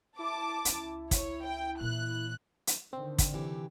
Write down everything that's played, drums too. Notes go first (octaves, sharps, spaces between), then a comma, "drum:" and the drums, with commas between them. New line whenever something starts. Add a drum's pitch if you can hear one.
E4 A5 D6
C#2 C#4, drum: hi-hat
C#5, drum: kick, hi-hat
G5
A#2 E3 F#6
drum: hi-hat
D3 D#3 C4
drum: kick, hi-hat
C3 E3 G4